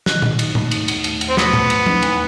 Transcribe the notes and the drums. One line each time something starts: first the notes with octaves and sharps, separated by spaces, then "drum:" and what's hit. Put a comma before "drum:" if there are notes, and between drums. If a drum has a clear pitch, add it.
D#3, drum: snare
D#3, drum: tom A#2
D#4, drum: cymbal
A3, drum: tom A2
D#4, drum: cymbal
D#2, drum: cymbal
A3, drum: cymbal
D#2, drum: cymbal
C4
F#3 A3 B3, drum: snare
A3, drum: tom A2
A3, drum: cymbal
D#4, drum: tom
E2, drum: cymbal